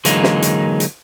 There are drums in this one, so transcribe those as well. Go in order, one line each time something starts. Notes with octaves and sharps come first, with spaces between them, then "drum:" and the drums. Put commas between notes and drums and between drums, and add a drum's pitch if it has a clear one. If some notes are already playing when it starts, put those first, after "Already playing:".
D3 E3 F#3 G#3 A#3 D#4, drum: hi-hat
drum: snare
drum: hi-hat
drum: hi-hat